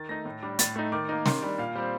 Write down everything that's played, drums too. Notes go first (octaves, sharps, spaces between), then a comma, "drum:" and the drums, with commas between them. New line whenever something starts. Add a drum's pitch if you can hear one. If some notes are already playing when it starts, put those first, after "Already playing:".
Already playing: D#3 A6
A3 D#4 A#6
A2
G3 D4
A2 A6, drum: hi-hat
A3 D#4
D#3 D6
A#3 D#4
D#3 C6, drum: snare
G3 D4
A#2 F5
G3 C4 C5